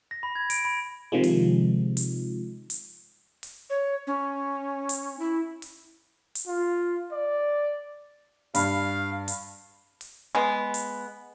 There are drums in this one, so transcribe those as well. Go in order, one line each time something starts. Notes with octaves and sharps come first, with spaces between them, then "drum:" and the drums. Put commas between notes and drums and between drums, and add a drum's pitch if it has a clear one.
A#6
B5
G#6
D7, drum: hi-hat
B5
C3 D#3 F3 G#3
drum: open hi-hat
drum: hi-hat
drum: hi-hat
drum: open hi-hat
C#5
C#4
drum: hi-hat
E4
drum: open hi-hat
drum: hi-hat
F4
D5
G2 F5 B5, drum: hi-hat
drum: hi-hat
drum: open hi-hat
G#3 B3
drum: hi-hat